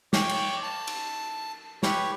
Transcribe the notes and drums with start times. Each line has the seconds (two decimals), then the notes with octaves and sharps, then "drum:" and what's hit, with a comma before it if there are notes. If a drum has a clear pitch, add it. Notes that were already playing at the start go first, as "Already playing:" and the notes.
0.13 C#5 G5 D6, drum: snare
0.29 drum: cymbal
0.63 A5
0.87 drum: cymbal
1.83 G4 B4 C#5, drum: snare